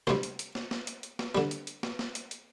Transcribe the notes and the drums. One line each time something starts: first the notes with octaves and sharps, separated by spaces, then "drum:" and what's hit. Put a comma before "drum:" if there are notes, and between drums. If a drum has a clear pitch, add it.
D2 C3 G3 C5, drum: snare
drum: hi-hat
drum: hi-hat
drum: snare
drum: snare
drum: hi-hat
drum: hi-hat
drum: snare
D3 G3, drum: snare
drum: hi-hat
drum: hi-hat
drum: snare
drum: snare
drum: hi-hat
drum: hi-hat